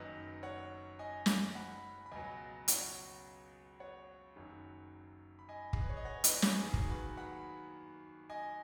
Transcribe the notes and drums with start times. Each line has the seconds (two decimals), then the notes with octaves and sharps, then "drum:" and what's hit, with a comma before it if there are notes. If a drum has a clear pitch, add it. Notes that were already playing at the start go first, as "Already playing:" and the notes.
Already playing: F#1 F#2 D#3 F#3 B4 D#5
0.43 C#5 F#5
0.99 D#5 G#5
1.26 drum: snare
1.55 F#5 B5
2.06 B5
2.11 C#2 B2 F#3 D#5 G#5
2.68 C#5 F#5, drum: hi-hat
3.80 C#5 F#5
4.36 F#1 F#2 D#3 F#3
5.39 B5
5.49 D#5 G#5
5.73 G#4, drum: kick
5.81 B4
5.89 C#5
5.97 D#5
6.05 C#5 F#5
6.24 B4 D#5, drum: hi-hat
6.42 G#4 C#5, drum: snare
6.61 D#2 D#3 F#3 G#4
6.74 drum: kick
6.89 F#4 B4
7.17 F#5 B5
8.30 D#5 G#5